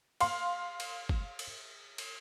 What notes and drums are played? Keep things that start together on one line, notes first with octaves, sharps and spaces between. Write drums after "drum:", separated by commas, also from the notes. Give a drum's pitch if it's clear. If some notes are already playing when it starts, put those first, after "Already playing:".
F5 C6, drum: cymbal
drum: cymbal
drum: kick
drum: cymbal
drum: cymbal